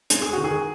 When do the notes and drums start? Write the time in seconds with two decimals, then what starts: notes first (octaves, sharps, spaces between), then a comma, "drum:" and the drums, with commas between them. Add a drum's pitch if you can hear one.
0.10 G#3, drum: hi-hat
0.22 G#4
0.33 D#3 F#4
0.44 G#4